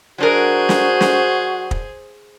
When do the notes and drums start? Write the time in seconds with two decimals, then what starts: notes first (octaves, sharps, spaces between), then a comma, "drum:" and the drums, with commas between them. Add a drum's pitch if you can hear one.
0.18 F#3 D4 F#4 G#4 A#4 C5
0.69 drum: snare
1.01 drum: snare
1.71 drum: kick